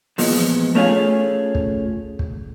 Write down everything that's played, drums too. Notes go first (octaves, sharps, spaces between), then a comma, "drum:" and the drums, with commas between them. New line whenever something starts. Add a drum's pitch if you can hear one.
E2 A#2 F3 G#3, drum: open hi-hat
A3 C#4 F4 G#4
drum: kick
drum: kick